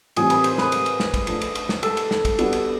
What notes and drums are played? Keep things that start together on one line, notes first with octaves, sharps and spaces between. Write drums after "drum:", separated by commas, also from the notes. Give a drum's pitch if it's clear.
A2 E3 G3 C4 G#4, drum: cymbal
B4, drum: cymbal
C5, drum: cymbal
B4, drum: snare
drum: cymbal
drum: cymbal
drum: snare
drum: kick, cymbal
F3 A3 D4, drum: cymbal
drum: cymbal
drum: cymbal
drum: snare
A4, drum: cymbal
drum: cymbal
drum: snare
drum: kick, cymbal
G3 B3 D4 F#4, drum: cymbal
drum: cymbal